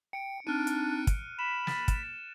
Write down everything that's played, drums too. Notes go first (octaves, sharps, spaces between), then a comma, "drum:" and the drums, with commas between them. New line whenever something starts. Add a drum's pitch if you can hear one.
G5 C#7 D7
C4 D4 D#4 F6 F#6 D#7
drum: hi-hat
drum: kick, hi-hat
B5 B6 E7
A6, drum: snare
drum: kick, hi-hat